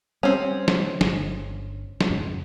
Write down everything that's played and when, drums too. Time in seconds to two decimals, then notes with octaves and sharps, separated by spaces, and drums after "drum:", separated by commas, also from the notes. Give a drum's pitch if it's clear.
0.23 G3 C4 C#4
0.68 drum: snare
1.01 G1 D3, drum: snare
2.01 drum: snare
2.10 F2 G#2 C#3